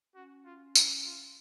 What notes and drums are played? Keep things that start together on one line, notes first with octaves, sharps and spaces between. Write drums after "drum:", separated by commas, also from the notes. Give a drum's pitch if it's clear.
C#4 F#4
F4
E4, drum: tambourine
F4